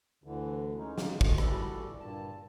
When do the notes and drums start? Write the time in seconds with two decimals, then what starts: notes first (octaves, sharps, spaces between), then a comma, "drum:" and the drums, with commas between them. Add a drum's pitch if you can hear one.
0.24 D2 D3 E3
0.78 G#3 C#4 D#4
0.98 drum: snare
1.21 F3 A3 F4 F#4 D#5, drum: kick
1.38 E3 G3 F#4 A4 D5, drum: rim click
2.00 G2 A#2 A5